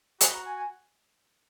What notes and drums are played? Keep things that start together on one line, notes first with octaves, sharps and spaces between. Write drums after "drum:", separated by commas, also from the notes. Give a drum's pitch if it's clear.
F#4 B5, drum: hi-hat
A#5
G#5
G#5